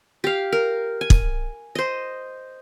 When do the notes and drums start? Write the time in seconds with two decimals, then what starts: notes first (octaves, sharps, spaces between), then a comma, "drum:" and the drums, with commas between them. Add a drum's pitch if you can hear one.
0.24 G4 F5
0.52 A#4
1.01 G#5
1.10 drum: kick
1.75 C5 D#5